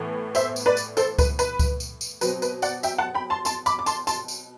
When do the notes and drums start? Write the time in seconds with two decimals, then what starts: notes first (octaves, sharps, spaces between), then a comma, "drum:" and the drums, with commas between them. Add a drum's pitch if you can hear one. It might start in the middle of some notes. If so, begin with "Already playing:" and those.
Already playing: A2 E3 B3
0.35 C5 E5, drum: tambourine
0.56 drum: tambourine
0.66 B4 D5
0.77 drum: tambourine
0.97 A4 C5, drum: tambourine
1.19 B4, drum: kick C#2, tambourine
1.39 B4, drum: tambourine
1.59 drum: kick C#2, tambourine
1.80 drum: tambourine
2.01 drum: tambourine
2.21 B2 F#3 C4 B4, drum: tambourine
2.42 B4, drum: tambourine
2.62 D5 F#5, drum: tambourine
2.83 E5 G5, drum: tambourine
2.98 F#5 A5
3.14 G5 B5
3.30 A5 C6
3.45 A5 C6, drum: tambourine
3.66 B5 D6, drum: tambourine
3.79 D6
3.86 A5 C6, drum: tambourine
4.07 A5 C6, drum: tambourine
4.28 drum: tambourine